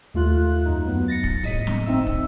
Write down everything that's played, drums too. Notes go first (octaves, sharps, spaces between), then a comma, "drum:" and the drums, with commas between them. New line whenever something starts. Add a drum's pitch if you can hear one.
D#2 A3 F4 F#6
F#2 D#4
F#3 B3
A6 A#6 C#7
drum: kick
A2 C3 D#5 B6 D#7, drum: open hi-hat
drum: snare
G1 C4 D#4 E5 E6
drum: kick